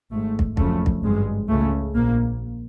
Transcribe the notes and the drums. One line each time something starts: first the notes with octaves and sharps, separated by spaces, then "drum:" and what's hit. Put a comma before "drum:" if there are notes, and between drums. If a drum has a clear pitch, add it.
G#1 G#2 A3
drum: kick
F#1 F2 C#3 A3, drum: kick
drum: kick
G#1 G2 G#3
C#2 C#3 A3
A#1 A#2 A#3